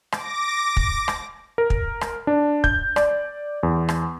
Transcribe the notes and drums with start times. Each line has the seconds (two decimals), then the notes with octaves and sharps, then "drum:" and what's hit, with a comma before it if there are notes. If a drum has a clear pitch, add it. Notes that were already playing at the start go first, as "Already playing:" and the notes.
0.12 D6 A#6, drum: rim click
0.77 drum: kick
1.08 drum: rim click
1.58 A#4
1.70 drum: kick
2.01 drum: rim click
2.27 D4
2.64 G6, drum: kick
2.96 D5, drum: rim click
3.63 E2
3.89 drum: rim click